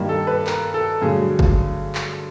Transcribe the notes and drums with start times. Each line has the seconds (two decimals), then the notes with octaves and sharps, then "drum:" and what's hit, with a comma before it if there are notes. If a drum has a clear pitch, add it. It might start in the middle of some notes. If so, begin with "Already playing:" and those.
Already playing: G2 D#3 G3 A#3
0.09 A4
0.27 B4
0.47 A#4, drum: clap
0.74 A4
1.01 G2 D3 F#3 A3 G#4
1.39 drum: kick G1
1.95 drum: clap